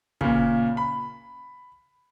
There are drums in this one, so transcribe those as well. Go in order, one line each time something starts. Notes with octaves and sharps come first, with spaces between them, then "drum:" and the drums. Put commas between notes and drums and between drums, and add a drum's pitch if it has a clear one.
A#2 C#3, drum: kick
B5